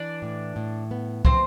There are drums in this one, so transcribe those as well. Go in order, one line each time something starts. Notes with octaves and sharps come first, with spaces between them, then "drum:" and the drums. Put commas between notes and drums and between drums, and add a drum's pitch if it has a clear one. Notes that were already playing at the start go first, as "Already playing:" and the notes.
Already playing: E3 D4 D5
A2
A2
B3
A2 C4 C5, drum: kick